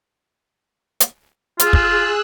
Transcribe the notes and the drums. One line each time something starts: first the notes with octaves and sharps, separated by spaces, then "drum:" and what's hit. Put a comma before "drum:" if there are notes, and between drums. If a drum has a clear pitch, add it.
drum: hi-hat
F4 G#4 E6 F#6, drum: hi-hat
drum: kick